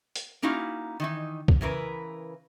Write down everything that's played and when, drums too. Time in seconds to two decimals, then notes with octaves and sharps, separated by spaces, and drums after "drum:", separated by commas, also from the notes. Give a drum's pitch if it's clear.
0.16 drum: hi-hat
0.42 A#3 C#4 D#4 E4 F#4 F5
1.00 D#3 E3 D#4
1.48 drum: kick C2
1.61 C#3 E3 A#4 B4